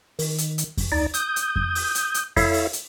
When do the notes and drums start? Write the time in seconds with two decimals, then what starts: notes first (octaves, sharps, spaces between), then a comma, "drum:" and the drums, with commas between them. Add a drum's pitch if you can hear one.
0.19 D#3, drum: open hi-hat
0.38 drum: hi-hat
0.58 drum: hi-hat
0.77 drum: kick F2, open hi-hat
0.92 D2 D#4 D5
1.14 D#6 G6, drum: hi-hat
1.36 drum: hi-hat
1.56 drum: kick F2
1.75 drum: open hi-hat
1.95 drum: hi-hat
2.14 drum: hi-hat
2.37 E4 A4 C#5 E5 F5, drum: kick F2, open hi-hat
2.53 drum: open hi-hat
2.73 drum: hi-hat